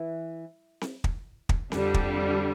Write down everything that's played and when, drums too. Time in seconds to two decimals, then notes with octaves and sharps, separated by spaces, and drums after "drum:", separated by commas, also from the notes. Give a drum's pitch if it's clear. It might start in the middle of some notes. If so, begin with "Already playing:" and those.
Already playing: E3
0.81 drum: snare C4
1.04 drum: kick
1.49 drum: kick
1.72 F2 D3 G3, drum: snare C4
1.94 drum: kick